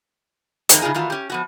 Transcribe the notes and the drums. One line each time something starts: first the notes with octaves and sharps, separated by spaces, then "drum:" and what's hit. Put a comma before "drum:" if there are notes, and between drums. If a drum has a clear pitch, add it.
F2 D#3 G#3 A#3 C4 D#4, drum: hi-hat
A2 C#3 E3 D#4 F4 G#4
D#3 E3 A3 F4 F#4
C#4 G4
F3 B3 F#4